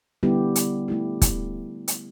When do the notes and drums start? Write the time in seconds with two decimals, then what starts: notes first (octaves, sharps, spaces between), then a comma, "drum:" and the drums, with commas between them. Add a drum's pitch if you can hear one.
0.23 D3 G3 B3 E4 G4
0.56 drum: hi-hat
0.88 A3 E4 G4
1.22 drum: kick, hi-hat
1.88 drum: hi-hat